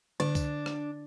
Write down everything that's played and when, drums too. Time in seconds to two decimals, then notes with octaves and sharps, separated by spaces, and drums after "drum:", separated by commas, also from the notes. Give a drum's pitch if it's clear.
0.20 D3 D4
0.35 drum: kick C2, tambourine
0.66 drum: rim click